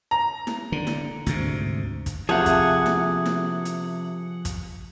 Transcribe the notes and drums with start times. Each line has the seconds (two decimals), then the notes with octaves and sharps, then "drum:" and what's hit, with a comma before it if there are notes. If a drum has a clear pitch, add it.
0.11 A#5
0.47 drum: snare E4
0.72 D3
0.87 drum: snare E4
1.26 D2 G#2 C3, drum: hi-hat
2.06 drum: kick, hi-hat
2.29 C3 F3 A3 G#4 F#5
2.46 drum: kick, hi-hat
2.86 drum: snare E4
3.25 drum: snare E4
3.65 drum: hi-hat
4.45 drum: kick, hi-hat